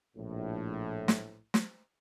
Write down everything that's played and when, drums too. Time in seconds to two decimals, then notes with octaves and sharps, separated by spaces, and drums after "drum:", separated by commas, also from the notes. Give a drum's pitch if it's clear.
0.17 A#1 A2
1.08 drum: snare
1.54 drum: snare